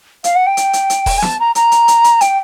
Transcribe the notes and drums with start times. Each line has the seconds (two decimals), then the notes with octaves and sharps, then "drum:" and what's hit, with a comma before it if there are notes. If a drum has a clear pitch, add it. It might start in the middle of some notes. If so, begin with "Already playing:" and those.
0.24 F5, drum: hi-hat
0.35 F#5
0.46 G5
0.57 drum: hi-hat
0.73 drum: hi-hat
0.90 drum: hi-hat
1.06 drum: kick E1, open hi-hat
1.18 G#5
1.22 A5, drum: snare
1.39 A#5
1.55 A#5, drum: hi-hat
1.72 drum: hi-hat
1.88 drum: hi-hat
2.04 drum: hi-hat
2.21 G5, drum: hi-hat